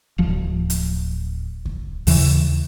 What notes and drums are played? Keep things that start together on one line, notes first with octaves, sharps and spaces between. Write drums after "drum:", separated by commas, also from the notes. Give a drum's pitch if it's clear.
D1 F3
drum: hi-hat
drum: kick C#2
D#2 C#3 E3, drum: open hi-hat